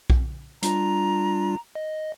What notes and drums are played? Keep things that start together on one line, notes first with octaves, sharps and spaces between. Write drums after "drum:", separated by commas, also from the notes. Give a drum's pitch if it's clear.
drum: kick B1
G3 D4 F4 A#5, drum: hi-hat
D#5